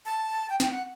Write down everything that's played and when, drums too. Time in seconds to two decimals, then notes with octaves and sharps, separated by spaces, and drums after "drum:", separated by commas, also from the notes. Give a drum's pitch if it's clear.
0.06 A5
0.50 G5
0.60 G5, drum: snare
0.71 F#5